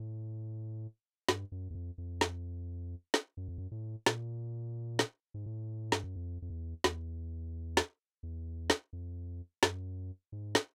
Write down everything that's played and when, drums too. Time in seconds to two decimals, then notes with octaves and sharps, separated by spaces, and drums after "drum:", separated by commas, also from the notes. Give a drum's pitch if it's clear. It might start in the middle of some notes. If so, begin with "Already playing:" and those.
Already playing: A2
1.29 G2, drum: snare
1.52 F#2
1.70 E2
1.75 F2
1.98 F2
2.21 drum: snare
3.14 drum: snare
3.37 F#2
3.48 F2
3.58 F#2
3.71 A2
4.06 A#2, drum: snare
4.99 drum: snare
5.34 G#2
5.46 A2
5.92 G2, drum: snare
6.04 F#2
6.16 F2
6.42 F2
6.50 E2
6.84 E2, drum: snare
7.77 drum: snare
8.23 E2
8.70 drum: snare
8.93 F2
9.63 F#2, drum: snare
10.32 G#2
10.55 drum: snare